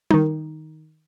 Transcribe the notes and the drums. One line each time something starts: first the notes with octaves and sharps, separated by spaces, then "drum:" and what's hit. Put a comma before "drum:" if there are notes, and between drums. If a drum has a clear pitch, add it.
D#3 D#4, drum: tom